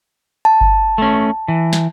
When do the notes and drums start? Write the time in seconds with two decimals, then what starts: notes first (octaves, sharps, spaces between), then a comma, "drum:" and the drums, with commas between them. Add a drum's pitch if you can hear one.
0.45 A5
0.61 drum: kick G1
0.98 A3 C#4
1.48 E3
1.73 drum: snare